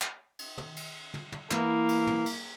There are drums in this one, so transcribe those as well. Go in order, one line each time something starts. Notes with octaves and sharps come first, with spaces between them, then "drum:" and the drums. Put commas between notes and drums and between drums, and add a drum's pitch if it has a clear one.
drum: clap
drum: cymbal
drum: tom
drum: cymbal
drum: tom
drum: tom
E3 A#3 B3, drum: clap
drum: cymbal
drum: tom
drum: cymbal